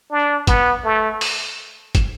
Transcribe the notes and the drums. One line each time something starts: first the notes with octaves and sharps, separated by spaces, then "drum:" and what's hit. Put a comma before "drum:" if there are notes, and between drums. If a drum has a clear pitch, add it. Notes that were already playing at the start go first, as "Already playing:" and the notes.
D4
B3, drum: kick, hi-hat
A3
drum: open hi-hat
drum: kick, hi-hat